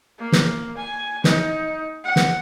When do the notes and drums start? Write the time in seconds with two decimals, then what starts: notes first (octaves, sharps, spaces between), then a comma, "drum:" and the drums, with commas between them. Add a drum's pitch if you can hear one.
0.19 A#3
0.32 drum: snare
0.77 G#5
1.24 D#4, drum: snare
2.04 F#5
2.16 drum: snare